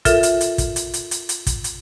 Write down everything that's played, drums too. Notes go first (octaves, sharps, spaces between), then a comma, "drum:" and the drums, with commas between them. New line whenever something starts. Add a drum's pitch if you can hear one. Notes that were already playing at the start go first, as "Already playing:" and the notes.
F4 A4 A#4 E5, drum: kick, hi-hat
drum: hi-hat
drum: hi-hat
drum: kick, hi-hat
drum: hi-hat
drum: hi-hat
drum: hi-hat
drum: hi-hat
drum: kick, hi-hat
drum: hi-hat